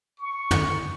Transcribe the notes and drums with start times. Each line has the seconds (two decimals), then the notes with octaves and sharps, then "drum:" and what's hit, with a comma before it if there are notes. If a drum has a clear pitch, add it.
0.19 C#6
0.51 drum: tom